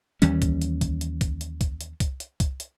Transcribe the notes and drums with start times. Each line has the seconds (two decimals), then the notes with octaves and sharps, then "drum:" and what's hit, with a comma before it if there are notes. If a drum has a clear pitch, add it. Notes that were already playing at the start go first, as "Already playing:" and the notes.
0.22 D#2 E3 G3 C#4, drum: hi-hat
0.42 drum: kick C2, hi-hat
0.62 drum: hi-hat
0.81 drum: kick C2, hi-hat
1.01 drum: hi-hat
1.21 drum: kick C2, hi-hat
1.41 drum: hi-hat
1.61 drum: kick C2, hi-hat
1.81 drum: hi-hat
2.00 drum: kick C2, hi-hat
2.20 drum: hi-hat
2.40 drum: kick C2, hi-hat
2.60 drum: hi-hat